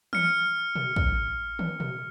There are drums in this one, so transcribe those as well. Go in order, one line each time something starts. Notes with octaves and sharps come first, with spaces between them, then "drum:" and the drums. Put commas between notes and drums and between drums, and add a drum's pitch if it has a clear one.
F6 C#7, drum: tom E3
drum: tom B2
drum: kick
drum: tom
drum: tom B2